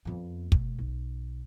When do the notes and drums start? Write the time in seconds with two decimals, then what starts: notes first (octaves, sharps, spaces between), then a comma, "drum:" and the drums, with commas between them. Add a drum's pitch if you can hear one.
0.05 F2 B3
0.52 B2 A3, drum: kick
0.78 B1